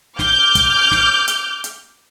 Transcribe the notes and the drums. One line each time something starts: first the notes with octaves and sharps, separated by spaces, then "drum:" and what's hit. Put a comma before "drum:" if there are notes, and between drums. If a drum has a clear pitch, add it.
D6 F6 G6, drum: snare
drum: kick, hi-hat
drum: snare
drum: hi-hat
drum: hi-hat